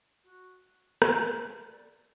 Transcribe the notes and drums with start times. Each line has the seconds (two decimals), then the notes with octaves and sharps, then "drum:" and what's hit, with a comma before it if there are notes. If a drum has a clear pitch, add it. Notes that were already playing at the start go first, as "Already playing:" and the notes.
0.24 F#4
1.02 drum: rim click
1.65 D5